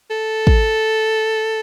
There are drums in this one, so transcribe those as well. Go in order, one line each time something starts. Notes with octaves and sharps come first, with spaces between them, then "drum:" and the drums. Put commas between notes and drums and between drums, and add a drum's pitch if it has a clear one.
A4
drum: kick